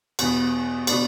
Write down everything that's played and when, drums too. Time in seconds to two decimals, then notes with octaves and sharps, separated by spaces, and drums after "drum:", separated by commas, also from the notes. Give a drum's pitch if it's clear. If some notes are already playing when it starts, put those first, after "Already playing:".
0.19 E2 B2 B3, drum: cymbal
0.87 B2 B3 D4, drum: cymbal